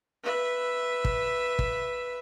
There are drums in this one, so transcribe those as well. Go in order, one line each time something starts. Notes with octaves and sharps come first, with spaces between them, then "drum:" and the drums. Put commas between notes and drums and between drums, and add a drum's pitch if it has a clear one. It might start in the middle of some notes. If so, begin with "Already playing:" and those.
B4 E5
drum: kick
drum: kick